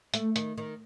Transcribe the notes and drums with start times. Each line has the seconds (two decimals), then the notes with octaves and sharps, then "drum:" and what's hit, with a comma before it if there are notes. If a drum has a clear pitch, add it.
0.14 A3, drum: hi-hat
0.36 D#3, drum: hi-hat
0.58 D#3